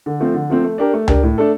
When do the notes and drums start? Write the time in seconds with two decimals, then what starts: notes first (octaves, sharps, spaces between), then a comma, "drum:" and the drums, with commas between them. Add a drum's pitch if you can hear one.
0.06 D3
0.20 F3 A3 C4
0.34 D3
0.50 F3 A3 C4
0.64 A3
0.78 D4 G4 A#4
0.93 A3
1.08 D4 G4 A#4, drum: tom C#2
1.23 A2
1.38 A3 D4 A4